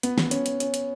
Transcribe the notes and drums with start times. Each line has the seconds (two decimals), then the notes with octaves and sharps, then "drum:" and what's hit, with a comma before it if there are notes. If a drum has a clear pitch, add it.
0.03 B3, drum: hi-hat
0.18 drum: snare
0.31 C#4, drum: hi-hat
0.46 drum: hi-hat
0.60 C#4, drum: hi-hat
0.74 drum: hi-hat